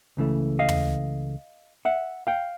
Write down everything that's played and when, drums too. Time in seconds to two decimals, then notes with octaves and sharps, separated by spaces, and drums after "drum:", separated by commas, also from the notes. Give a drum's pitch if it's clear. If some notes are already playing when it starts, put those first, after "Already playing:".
0.17 C#2 C#3 E3 A3
0.59 D#5 F5
0.69 drum: tom
1.85 E5 F#5
2.27 F5 G5